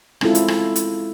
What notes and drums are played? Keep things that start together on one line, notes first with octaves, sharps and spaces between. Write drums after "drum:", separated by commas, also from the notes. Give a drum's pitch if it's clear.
G#3 C4 C#4 E4 F4 A4, drum: rim click
drum: hi-hat
drum: rim click
drum: hi-hat